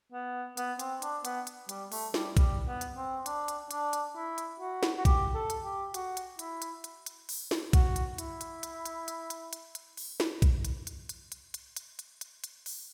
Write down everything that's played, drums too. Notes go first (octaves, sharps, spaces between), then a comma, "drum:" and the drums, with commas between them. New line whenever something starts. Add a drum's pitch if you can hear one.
B3
B3, drum: hi-hat
C4, drum: hi-hat
D4, drum: hi-hat
B3, drum: hi-hat
drum: hi-hat
G3, drum: hi-hat
A3, drum: open hi-hat
G3, drum: snare
G3, drum: kick B1, hi-hat
B3
drum: hi-hat
C4
D4, drum: hi-hat
drum: hi-hat
D4, drum: hi-hat
drum: hi-hat
E4
drum: hi-hat
F#4
drum: snare
F#4
G4, drum: kick B1, hi-hat
A4
drum: hi-hat
G4
F#4, drum: hi-hat
drum: hi-hat
E4, drum: hi-hat
drum: hi-hat
drum: hi-hat
drum: hi-hat
drum: open hi-hat
drum: snare
F#4, drum: kick B1, hi-hat
drum: hi-hat
E4, drum: hi-hat
drum: hi-hat
drum: hi-hat
drum: hi-hat
drum: hi-hat
drum: hi-hat
drum: hi-hat
drum: hi-hat
drum: open hi-hat
drum: snare
drum: kick B1, hi-hat
drum: hi-hat
drum: hi-hat
drum: hi-hat
drum: hi-hat
drum: hi-hat
drum: hi-hat
drum: hi-hat
drum: hi-hat
drum: hi-hat
drum: open hi-hat